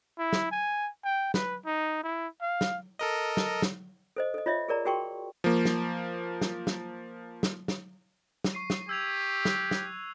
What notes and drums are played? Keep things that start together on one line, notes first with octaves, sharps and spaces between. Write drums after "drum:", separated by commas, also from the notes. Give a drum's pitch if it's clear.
E4
drum: snare
G#5
G5
B4, drum: snare
D#4
E4
F5
drum: snare
A4 A#4 D#5
drum: snare
drum: snare
A4 C5 D#5
A4 D#5
F4 C#5 D#5 E5
G#4 A#4 D5 A#5
F#4 G#4 A#4 G5 C6 C#6
F3 A#3
drum: snare
drum: snare
drum: snare
drum: snare
drum: snare
drum: snare
C#6 C7 D#7
drum: snare
G4 E6 G#6 F7
F#6, drum: snare
drum: snare